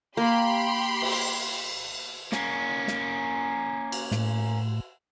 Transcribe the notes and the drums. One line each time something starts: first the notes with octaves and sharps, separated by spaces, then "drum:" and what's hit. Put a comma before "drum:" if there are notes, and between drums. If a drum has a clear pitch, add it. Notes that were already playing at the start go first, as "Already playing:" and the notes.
A#3 G4 B5 C6
drum: cymbal
A#3 C#4, drum: snare
drum: snare
drum: cymbal
A2, drum: snare